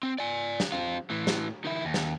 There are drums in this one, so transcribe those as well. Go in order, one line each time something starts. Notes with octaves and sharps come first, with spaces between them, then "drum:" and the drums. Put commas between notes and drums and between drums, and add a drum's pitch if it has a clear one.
C4
D5 G#5
drum: snare
C4 F4
A2 E3
drum: snare
D#3 E4
D#2
drum: snare